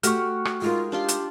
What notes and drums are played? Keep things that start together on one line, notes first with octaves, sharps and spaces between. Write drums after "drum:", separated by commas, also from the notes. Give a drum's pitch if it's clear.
A3 F#4 G4 C#6 F6, drum: hi-hat
drum: rim click
G#3 D#4 F4 A#4
D4 F4 G4 C6
drum: hi-hat